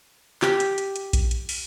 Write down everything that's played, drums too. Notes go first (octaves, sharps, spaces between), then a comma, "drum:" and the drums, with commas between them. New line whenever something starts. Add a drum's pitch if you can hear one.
G4, drum: clap
drum: hi-hat
drum: hi-hat
drum: hi-hat
drum: kick A#1, hi-hat
drum: hi-hat
drum: open hi-hat